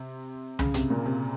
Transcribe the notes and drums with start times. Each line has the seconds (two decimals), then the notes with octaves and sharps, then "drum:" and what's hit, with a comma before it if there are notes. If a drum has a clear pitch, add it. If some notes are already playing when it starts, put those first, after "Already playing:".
Already playing: C3
0.59 C#3, drum: tom C2
0.74 C3, drum: hi-hat
0.90 A#2
1.06 C3